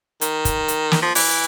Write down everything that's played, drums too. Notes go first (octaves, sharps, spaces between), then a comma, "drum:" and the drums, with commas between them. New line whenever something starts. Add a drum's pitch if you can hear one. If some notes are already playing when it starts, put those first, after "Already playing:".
D#3, drum: hi-hat
drum: kick, hi-hat
drum: hi-hat
drum: snare
F3
E3, drum: open hi-hat